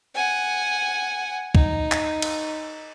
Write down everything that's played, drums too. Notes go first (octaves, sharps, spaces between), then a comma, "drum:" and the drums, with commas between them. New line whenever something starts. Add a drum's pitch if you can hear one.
F#5 G#5
D#4, drum: kick
drum: clap
drum: cymbal